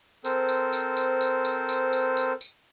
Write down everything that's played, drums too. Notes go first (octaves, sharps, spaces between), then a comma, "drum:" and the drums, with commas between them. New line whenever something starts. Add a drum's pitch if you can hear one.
C4 A4 A#4 C5, drum: tambourine
drum: tambourine
drum: tambourine
drum: tambourine
drum: tambourine
drum: tambourine
drum: tambourine
drum: tambourine
drum: tambourine
drum: tambourine